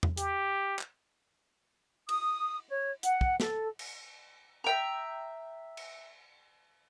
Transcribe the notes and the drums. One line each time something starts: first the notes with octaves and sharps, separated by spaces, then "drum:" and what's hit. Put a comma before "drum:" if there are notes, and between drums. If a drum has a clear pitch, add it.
drum: tom E2
G4, drum: hi-hat
drum: clap
D#6, drum: cymbal
C#5
F#5, drum: hi-hat
drum: kick
A4, drum: snare
drum: cymbal
E5 G5 A#5
drum: cymbal